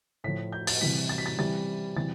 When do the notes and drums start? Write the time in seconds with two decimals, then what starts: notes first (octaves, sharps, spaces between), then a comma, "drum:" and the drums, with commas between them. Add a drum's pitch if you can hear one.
0.24 A2 F3 B6
0.52 G6
0.67 A6, drum: open hi-hat
0.81 C3 E3 G3 B6
1.09 A6
1.18 B6
1.26 A6
1.39 C3 E3 G3 A6
1.96 C3 E3 G3 A6